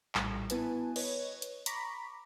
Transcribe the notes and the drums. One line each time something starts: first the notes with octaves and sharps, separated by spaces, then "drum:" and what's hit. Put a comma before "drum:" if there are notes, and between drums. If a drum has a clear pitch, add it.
A#1 A2 G3, drum: clap
B3 E4 F#4 B4 G#5 A5, drum: hi-hat
B4 C#5 D#5, drum: cymbal
drum: hi-hat
A#5 B5 C#6 D6 A#6 B6, drum: hi-hat